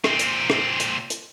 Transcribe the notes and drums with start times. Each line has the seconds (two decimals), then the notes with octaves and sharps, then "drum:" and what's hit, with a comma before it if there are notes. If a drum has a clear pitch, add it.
0.04 A#2 C4, drum: rim click
0.19 drum: hi-hat
0.50 drum: rim click
0.80 drum: hi-hat
1.10 drum: hi-hat